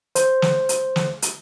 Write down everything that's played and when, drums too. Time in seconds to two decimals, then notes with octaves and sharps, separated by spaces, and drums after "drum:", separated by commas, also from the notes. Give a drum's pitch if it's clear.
0.15 C5, drum: hi-hat
0.42 drum: snare
0.69 drum: hi-hat
0.96 drum: snare
1.22 drum: hi-hat